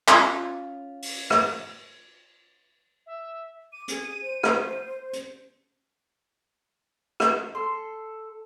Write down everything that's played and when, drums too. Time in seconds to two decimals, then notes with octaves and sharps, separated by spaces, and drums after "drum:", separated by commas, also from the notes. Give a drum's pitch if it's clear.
0.08 C#4 F4, drum: clap
1.02 drum: open hi-hat
1.30 drum: rim click
3.06 E5
3.73 D6 D#7
3.88 G#4, drum: hi-hat
4.21 C5
4.43 drum: rim click
5.13 drum: hi-hat
7.20 drum: rim click
7.55 A4 C6